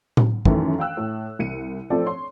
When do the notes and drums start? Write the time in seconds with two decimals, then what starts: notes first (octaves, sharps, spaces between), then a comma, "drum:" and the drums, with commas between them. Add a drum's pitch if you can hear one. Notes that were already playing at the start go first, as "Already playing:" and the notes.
0.17 drum: tom A2
0.45 F#2 D#3 E3 A3, drum: kick
0.79 F5 G5 E6 F#6
0.97 A2
1.39 C2 C#7 D#7
1.90 F3 A3 C4 A4 D5
2.06 C#5 C6